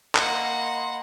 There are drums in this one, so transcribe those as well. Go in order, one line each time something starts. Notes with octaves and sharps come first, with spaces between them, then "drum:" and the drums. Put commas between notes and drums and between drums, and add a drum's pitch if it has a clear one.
A#3 D#5 F#5 B5 C6, drum: clap